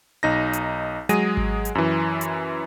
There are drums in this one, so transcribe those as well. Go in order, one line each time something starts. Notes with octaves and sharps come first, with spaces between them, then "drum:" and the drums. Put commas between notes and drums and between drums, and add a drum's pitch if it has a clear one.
B1 D#4 A#6
drum: hi-hat
F#3 G#3 G#4 A#6 D#7, drum: hi-hat
drum: kick G#1
drum: hi-hat
F#2 E3
drum: hi-hat